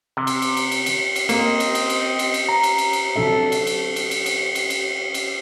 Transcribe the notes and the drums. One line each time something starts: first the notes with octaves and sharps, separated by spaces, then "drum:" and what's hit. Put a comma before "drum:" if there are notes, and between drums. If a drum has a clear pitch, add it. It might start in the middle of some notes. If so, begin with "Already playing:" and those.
C3
drum: cymbal
drum: cymbal
drum: cymbal
drum: cymbal
drum: cymbal
drum: cymbal
A#3 C4 D#5, drum: cymbal
drum: cymbal
drum: cymbal
drum: cymbal
drum: cymbal
drum: cymbal
A#5
drum: cymbal
drum: cymbal
drum: cymbal
C3 F#3 D4 A4 E5
drum: cymbal
drum: cymbal
drum: cymbal
drum: cymbal
drum: cymbal
drum: cymbal
drum: cymbal
drum: cymbal